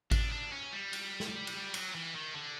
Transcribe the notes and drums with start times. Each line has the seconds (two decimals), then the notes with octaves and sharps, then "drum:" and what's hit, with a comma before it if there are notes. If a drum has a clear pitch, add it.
0.11 D4, drum: kick G#1, cymbal
0.32 D4
0.52 C#4
0.72 G3
0.93 drum: cymbal
1.20 drum: snare
1.47 drum: cymbal
1.74 F#3, drum: cymbal
1.95 E3
2.15 D#3
2.35 D3